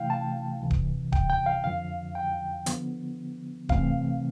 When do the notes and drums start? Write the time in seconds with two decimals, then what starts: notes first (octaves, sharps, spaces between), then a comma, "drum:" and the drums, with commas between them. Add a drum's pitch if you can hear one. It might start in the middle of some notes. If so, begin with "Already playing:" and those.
Already playing: C3 E3 A3 E4 F5 G5
0.10 A5
0.61 C2 C3 E3
0.71 drum: kick D1
1.12 G5, drum: kick D1
1.30 G5
1.46 F5
1.64 F2 D3 F3 F5
2.15 G5
2.66 D3 F3 B3, drum: hi-hat
3.69 C3 E3 A3 C4 F5, drum: kick D1